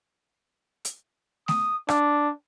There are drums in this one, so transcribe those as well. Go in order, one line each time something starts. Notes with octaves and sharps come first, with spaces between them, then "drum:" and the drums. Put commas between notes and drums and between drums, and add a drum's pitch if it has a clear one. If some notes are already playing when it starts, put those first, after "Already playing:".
drum: hi-hat
D#6, drum: snare A3
D4, drum: rim click